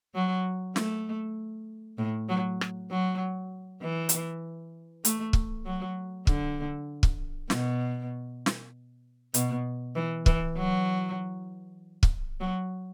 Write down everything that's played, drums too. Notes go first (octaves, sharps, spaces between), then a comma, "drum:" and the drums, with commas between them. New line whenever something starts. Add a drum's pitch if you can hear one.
F#3
A3, drum: snare
A2
F#3
drum: rim click
F#3
E3
drum: hi-hat
A3, drum: hi-hat
drum: kick
F#3
D3, drum: kick
drum: kick
B2, drum: snare
drum: snare
B2, drum: hi-hat
E3
E3, drum: kick
F#3
drum: kick
F#3